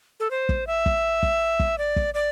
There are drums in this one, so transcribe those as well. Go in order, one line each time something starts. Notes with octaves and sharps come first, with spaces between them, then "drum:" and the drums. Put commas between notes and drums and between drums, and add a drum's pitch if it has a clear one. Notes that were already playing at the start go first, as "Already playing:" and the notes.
A4
C5
drum: kick
E5
drum: kick
drum: kick
drum: kick
D5
drum: kick
D5